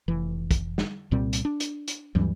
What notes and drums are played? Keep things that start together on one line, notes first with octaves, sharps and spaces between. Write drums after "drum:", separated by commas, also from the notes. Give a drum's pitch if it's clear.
F1 E3
drum: kick, hi-hat
drum: snare
C2 A#2 G3 C4
drum: hi-hat
D4
drum: hi-hat
drum: hi-hat
D2 G2 E3 G3, drum: tom